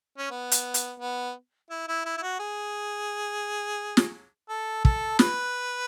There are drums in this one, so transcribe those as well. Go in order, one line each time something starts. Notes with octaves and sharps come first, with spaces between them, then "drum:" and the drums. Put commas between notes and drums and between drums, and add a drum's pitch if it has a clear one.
C#4
B3
drum: hi-hat
drum: hi-hat
B3
E4
E4
E4
E4
F#4
G#4
drum: snare
A4
A4, drum: kick
B4, drum: snare